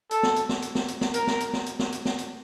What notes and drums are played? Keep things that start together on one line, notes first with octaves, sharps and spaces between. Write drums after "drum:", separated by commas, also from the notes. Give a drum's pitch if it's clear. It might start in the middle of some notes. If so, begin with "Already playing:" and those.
A4, drum: hi-hat
drum: snare
drum: hi-hat
drum: snare
drum: hi-hat
drum: snare
drum: hi-hat
drum: snare
A#4, drum: hi-hat
drum: snare
drum: hi-hat
drum: snare
drum: hi-hat
drum: snare
drum: hi-hat
drum: snare
drum: hi-hat